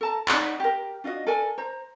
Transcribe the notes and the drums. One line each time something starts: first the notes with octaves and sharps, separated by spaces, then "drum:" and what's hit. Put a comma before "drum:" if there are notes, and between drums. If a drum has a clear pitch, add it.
A4 A5 A#5
D#4 D5 F#5, drum: clap
G4 A#4
D4 F4 F#4 D#5
A4 A#4 D5 G#5
C5 A#5